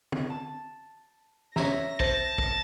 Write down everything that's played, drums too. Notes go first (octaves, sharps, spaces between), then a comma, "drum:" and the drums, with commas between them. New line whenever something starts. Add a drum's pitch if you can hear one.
drum: tom
A5
C#4 E5 A#5 A#6, drum: snare
C5 A5, drum: kick
drum: kick